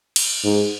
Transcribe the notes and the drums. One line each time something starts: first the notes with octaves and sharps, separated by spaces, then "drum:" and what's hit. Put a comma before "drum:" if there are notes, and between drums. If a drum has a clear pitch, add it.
drum: cymbal
G#2